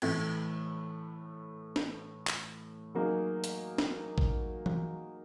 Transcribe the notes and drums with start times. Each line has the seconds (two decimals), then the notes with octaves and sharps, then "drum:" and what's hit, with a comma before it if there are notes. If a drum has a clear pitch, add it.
0.02 A2 E3 A3, drum: cymbal
1.76 drum: snare
2.27 drum: clap
2.95 F#3 A#3 D#4 G#4
3.44 drum: hi-hat
3.78 drum: snare
4.18 drum: kick A1
4.66 drum: tom E3